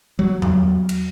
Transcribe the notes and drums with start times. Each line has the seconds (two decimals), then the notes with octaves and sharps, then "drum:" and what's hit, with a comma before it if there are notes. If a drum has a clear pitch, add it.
0.19 F#3
0.42 drum: tom E2
0.89 drum: cymbal